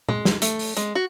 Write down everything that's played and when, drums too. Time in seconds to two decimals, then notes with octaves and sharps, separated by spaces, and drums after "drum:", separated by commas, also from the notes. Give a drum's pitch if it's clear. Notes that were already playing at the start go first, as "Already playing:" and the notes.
0.09 G#3, drum: tom A#2
0.25 drum: snare
0.42 A3, drum: hi-hat
0.59 drum: open hi-hat
0.77 G#3, drum: hi-hat
0.95 F#4